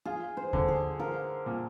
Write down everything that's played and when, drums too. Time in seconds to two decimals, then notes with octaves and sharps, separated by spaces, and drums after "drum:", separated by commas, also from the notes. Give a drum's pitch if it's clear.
0.05 F4 G#4
0.37 C5
0.53 D3, drum: kick D#2
0.68 G#4
0.99 F4 A#4
1.46 A#2